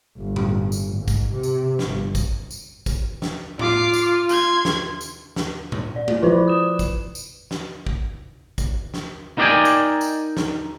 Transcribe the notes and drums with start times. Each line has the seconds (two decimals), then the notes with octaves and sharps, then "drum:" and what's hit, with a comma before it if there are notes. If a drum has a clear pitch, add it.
0.17 G1
0.36 drum: tom A2
0.72 drum: tambourine
0.97 G#2
1.08 drum: kick A1, tambourine
1.32 C3
1.43 drum: tambourine
1.79 drum: snare
1.89 G1
2.15 drum: kick A1, tambourine
2.51 drum: tambourine
2.86 drum: kick A1, tambourine
3.22 drum: snare
3.59 F4 D6 C7, drum: tom A2
3.93 drum: tambourine
4.29 C6 G#6, drum: tambourine
4.65 drum: snare
5.01 drum: tambourine
5.36 drum: snare
5.72 drum: tom A#2
5.96 D5
6.08 drum: tom G#3
6.22 F3 E4 F4 B4 C5 D5
6.48 D#6 E7
6.79 drum: kick A1, tambourine
7.15 drum: tambourine
7.51 drum: snare
7.86 drum: kick A1
8.58 drum: kick A1, tambourine
8.94 drum: snare
9.38 D#4 A#4 D5 F5 G5 G#5
9.65 drum: tambourine
10.01 drum: tambourine
10.37 drum: snare